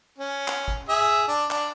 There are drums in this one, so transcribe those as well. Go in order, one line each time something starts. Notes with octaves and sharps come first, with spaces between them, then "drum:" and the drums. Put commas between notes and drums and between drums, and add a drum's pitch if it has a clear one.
C#4
drum: clap
drum: kick
G#4 E5
D4
D4, drum: clap